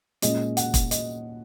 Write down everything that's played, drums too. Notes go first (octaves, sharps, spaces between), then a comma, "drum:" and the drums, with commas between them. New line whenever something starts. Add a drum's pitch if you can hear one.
A#2 G#3 C#4 D#5, drum: hi-hat
F#5, drum: hi-hat
drum: kick, hi-hat
D#5, drum: hi-hat